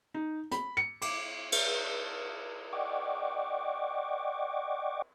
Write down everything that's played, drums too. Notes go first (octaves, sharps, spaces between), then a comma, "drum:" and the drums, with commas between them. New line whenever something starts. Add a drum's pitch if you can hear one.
D#4
B5, drum: hi-hat
C#7
D6, drum: cymbal
drum: cymbal
D5 D#5 F#5 G5 C#6 D6